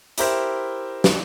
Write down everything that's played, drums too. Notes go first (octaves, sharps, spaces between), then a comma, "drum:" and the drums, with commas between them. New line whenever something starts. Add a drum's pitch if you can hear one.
E4 G4 A#4 C5 E5, drum: hi-hat
drum: snare